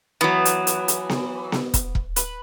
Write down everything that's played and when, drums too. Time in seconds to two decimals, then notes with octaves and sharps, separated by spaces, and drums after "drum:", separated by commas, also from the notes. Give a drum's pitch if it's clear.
0.21 E3 F#3 B3
0.45 drum: hi-hat
0.67 drum: hi-hat
0.88 drum: hi-hat
1.09 drum: snare B3
1.52 drum: snare B3
1.74 drum: kick, hi-hat
1.95 drum: kick
2.16 B4, drum: hi-hat